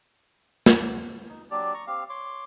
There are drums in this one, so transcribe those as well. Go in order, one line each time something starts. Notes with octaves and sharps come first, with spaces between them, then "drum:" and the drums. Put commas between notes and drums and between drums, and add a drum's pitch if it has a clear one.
drum: snare
D#4
F#3 D4 G4 D5
A#5 C#6
C4 G4 F5
C#5 C6 D6